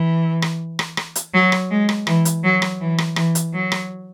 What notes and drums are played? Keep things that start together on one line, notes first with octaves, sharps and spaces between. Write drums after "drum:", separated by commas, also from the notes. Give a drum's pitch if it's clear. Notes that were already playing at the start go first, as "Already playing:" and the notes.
Already playing: E3
drum: rim click
drum: rim click
drum: rim click
drum: hi-hat
F#3
drum: rim click
G#3
drum: rim click
E3, drum: rim click
drum: hi-hat
F#3
drum: rim click
E3
drum: rim click
E3, drum: rim click
drum: hi-hat
F#3
drum: rim click